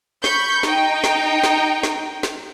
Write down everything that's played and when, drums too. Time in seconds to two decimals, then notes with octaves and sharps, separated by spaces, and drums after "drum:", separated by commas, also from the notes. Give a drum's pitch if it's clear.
0.24 B5 C#6 G6, drum: snare
0.63 D#4 G5, drum: snare
1.04 drum: snare
1.44 drum: snare
1.83 drum: snare
2.23 drum: snare